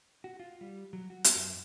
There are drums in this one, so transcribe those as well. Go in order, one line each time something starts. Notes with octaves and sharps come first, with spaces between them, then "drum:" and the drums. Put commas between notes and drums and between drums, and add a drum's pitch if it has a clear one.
F#4
F4
G3
F#3
F#4
drum: hi-hat
F#2